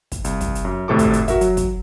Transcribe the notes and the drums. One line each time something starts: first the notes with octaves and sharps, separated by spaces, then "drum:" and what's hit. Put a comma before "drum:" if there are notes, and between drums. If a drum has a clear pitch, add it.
drum: kick, hi-hat
C2, drum: hi-hat
drum: kick, hi-hat
drum: hi-hat
F#2
G#1 A2 C3 A4 C#6 D6
drum: kick, hi-hat
drum: hi-hat
F#4 A#4 E5, drum: kick, hi-hat
F#3, drum: hi-hat
drum: kick, hi-hat